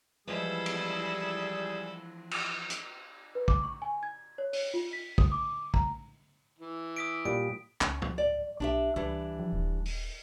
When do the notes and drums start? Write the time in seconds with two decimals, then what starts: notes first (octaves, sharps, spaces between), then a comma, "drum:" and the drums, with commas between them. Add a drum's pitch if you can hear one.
0.27 E3 F3 G3 G#3 E4 G#4 A4
0.66 drum: cymbal
2.31 drum: cymbal
2.70 drum: hi-hat
3.35 B4
3.48 D6, drum: kick
3.64 C#6
3.82 G#5
4.03 G#6
4.38 C#5
4.53 C#5, drum: open hi-hat
4.74 F4
4.93 B6
5.18 D#6, drum: kick
5.32 D6
5.74 A#5, drum: kick
6.59 E3
6.96 D#6 B6 D7
7.25 A#2 G3 D7
7.81 C#2 C#4, drum: clap
8.02 drum: tom
8.18 D5
8.60 B1 D4 G4 E5
8.96 C#2 E3 G3 D4
9.39 F3
9.53 D#1
9.85 drum: open hi-hat